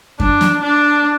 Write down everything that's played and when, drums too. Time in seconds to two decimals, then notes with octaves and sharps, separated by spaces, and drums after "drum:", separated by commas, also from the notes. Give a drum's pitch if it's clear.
0.20 D4, drum: kick F#2
0.41 drum: snare
0.62 D4